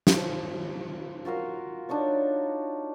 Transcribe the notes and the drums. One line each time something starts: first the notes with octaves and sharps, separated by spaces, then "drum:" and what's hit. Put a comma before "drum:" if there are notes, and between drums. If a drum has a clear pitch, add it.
drum: snare
F3
F4 F#4 A#4 F5
D4 D#4 C#5 D5